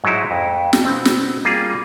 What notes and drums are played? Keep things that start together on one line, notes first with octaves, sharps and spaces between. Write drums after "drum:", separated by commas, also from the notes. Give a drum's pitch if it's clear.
G#2 F#3 G#3 D#4 E4
F2
drum: snare
B2 B3 C4
drum: snare
G3 A#3 F4 F#4 G#4